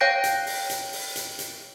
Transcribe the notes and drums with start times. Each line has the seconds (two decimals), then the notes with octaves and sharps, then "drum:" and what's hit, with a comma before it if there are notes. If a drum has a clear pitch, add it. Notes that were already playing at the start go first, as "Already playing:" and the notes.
0.01 C#5 F5 G5 G6 A#6 D7
0.24 drum: hi-hat
0.47 drum: open hi-hat
0.70 drum: hi-hat
0.93 drum: open hi-hat
1.16 drum: hi-hat
1.39 drum: hi-hat